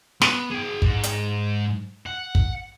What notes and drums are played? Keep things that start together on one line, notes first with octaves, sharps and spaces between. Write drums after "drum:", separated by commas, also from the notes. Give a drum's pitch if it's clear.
B3, drum: snare
G#4 G5
G#2, drum: kick
drum: hi-hat
F#5
drum: kick